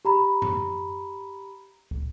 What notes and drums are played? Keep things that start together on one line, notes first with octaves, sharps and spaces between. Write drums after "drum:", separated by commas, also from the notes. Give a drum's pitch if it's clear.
G4 A#5 B5
drum: tom F#2
drum: kick